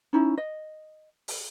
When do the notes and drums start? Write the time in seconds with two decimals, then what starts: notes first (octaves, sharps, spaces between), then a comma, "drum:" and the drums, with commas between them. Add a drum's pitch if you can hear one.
0.13 C#4 D#4 E4
0.38 D#5
1.28 drum: open hi-hat